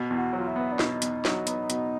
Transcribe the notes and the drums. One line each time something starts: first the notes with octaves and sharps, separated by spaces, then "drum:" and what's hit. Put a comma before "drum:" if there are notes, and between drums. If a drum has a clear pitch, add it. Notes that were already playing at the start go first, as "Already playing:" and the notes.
Already playing: B2
E2
F#4
F#3
F4
E4
B3
D4
B2 D#4, drum: snare
E2, drum: hi-hat
F#3, drum: snare
B3, drum: hi-hat
B2, drum: hi-hat